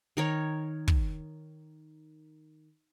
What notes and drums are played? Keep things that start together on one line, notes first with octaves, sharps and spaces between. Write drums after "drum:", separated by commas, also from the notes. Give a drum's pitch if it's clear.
D#3 A#4 C#5
drum: kick